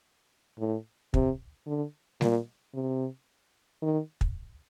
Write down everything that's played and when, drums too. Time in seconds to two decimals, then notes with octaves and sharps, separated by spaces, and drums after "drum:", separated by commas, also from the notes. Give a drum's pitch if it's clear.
0.59 A2
1.14 C3, drum: kick
1.67 D3
2.21 A#2, drum: snare G3
2.74 C3
3.82 D#3
4.21 drum: kick